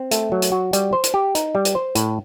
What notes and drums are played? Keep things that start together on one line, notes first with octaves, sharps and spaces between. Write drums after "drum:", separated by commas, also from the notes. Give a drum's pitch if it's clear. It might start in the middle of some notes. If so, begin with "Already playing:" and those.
Already playing: C4
A3, drum: hi-hat
F#3
drum: hi-hat
F#4
G3, drum: hi-hat
C5
drum: hi-hat
G4
D#4, drum: hi-hat
G3
drum: hi-hat
C5
A2, drum: hi-hat